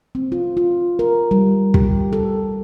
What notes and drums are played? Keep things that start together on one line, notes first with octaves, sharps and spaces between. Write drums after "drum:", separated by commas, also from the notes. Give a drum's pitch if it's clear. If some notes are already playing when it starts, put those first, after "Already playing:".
C4
F4
F4
A#4
G3
G4, drum: kick
A4